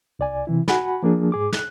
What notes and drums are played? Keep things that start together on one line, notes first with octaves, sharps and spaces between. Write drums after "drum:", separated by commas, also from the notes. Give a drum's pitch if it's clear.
C2 D5 G#5
C3 E3 E4
F#4 F#5 G#5 B5, drum: snare
F3 A#3 D4 G#4
G#2 G#4 D6
F#6, drum: snare